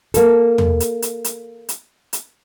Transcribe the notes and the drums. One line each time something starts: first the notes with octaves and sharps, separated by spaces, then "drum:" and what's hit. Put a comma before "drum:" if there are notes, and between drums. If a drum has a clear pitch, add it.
A#3 A4, drum: hi-hat
drum: tom
drum: hi-hat
drum: hi-hat
drum: hi-hat
drum: hi-hat
drum: hi-hat